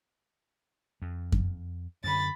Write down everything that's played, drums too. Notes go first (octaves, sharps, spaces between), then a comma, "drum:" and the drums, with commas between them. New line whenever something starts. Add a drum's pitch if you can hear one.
F2
drum: kick F#2
F#2 D3 B5 A6